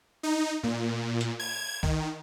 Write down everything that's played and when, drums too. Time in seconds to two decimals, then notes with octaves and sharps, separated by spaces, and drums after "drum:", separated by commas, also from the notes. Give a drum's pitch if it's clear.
0.23 D#4
0.63 A#2, drum: tom
1.21 drum: hi-hat
1.40 G#6, drum: cymbal
1.83 D#3, drum: kick